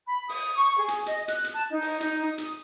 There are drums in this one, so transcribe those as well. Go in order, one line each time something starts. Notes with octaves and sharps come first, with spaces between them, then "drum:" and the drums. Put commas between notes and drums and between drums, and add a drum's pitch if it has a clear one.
B5
D#6, drum: open hi-hat
C#6
G#4
drum: hi-hat
D#5, drum: hi-hat
F#6, drum: hi-hat
drum: hi-hat
A5
D#4
drum: open hi-hat
D#4, drum: hi-hat
D#6
drum: hi-hat